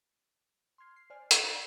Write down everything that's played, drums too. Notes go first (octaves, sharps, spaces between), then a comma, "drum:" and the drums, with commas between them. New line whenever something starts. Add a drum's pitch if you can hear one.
C6 F6 G#6 C7
C7
C5 D5 G#5 F6
F#4, drum: hi-hat
D5 C#6 G6 G#6